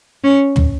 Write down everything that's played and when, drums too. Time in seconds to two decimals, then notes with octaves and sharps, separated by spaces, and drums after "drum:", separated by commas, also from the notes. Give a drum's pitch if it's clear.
0.24 C#4
0.56 drum: tom